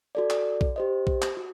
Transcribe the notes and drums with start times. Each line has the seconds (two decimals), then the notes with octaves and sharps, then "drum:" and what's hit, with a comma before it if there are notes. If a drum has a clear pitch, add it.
0.15 F#4 A4 D5
0.30 drum: clap
0.61 drum: kick B1
0.76 G4 C5 D#5
1.07 drum: kick B1
1.22 drum: clap
1.37 F#4